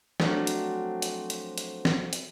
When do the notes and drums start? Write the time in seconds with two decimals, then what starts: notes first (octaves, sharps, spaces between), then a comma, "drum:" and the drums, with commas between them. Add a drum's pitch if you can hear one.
0.20 F3 F#3 A3 C4 D4 F#4, drum: snare
0.47 drum: hi-hat
1.02 drum: hi-hat
1.30 drum: hi-hat
1.58 drum: hi-hat
1.85 drum: snare
2.13 drum: hi-hat